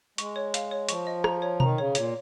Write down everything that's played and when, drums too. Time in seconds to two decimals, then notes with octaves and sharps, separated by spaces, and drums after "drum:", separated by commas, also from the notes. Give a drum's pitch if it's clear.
0.18 G#3 C#6, drum: hi-hat
0.36 C#5
0.54 F5, drum: hi-hat
0.71 C#5
0.89 F3 C#6, drum: hi-hat
1.07 D#5
1.24 A#5, drum: rim click
1.42 C#5
1.60 D#3 A#5, drum: tom B2
1.78 C#3 C#5
1.95 A#2 C#5, drum: hi-hat